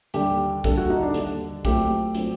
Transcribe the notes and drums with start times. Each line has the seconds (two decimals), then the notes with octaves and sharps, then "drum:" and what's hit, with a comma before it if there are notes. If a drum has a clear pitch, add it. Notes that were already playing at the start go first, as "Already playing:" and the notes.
0.14 D#2 D3 G3 G4, drum: hi-hat
0.64 D#2 D3 G3 A4, drum: kick, hi-hat
0.77 F#4
0.90 D#4
1.02 D4
1.14 D#2 D3 G3, drum: hi-hat
1.65 A#2 F#3 A3 C4 G4, drum: kick, hi-hat
2.15 A#2 F#3 A3 C4, drum: hi-hat